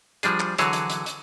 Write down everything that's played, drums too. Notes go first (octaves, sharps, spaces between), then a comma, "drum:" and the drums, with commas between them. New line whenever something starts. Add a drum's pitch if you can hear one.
F3 G3 D4 G#4, drum: hi-hat
drum: clap
D3 E3 F#3 G#4 C#5 A5, drum: hi-hat
drum: hi-hat
drum: hi-hat
drum: hi-hat